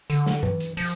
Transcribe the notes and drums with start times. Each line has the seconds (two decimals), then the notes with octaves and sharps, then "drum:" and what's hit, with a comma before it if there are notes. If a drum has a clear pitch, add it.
0.10 D3, drum: hi-hat
0.26 drum: snare
0.43 E3, drum: tom G2
0.60 drum: hi-hat
0.77 F3, drum: open hi-hat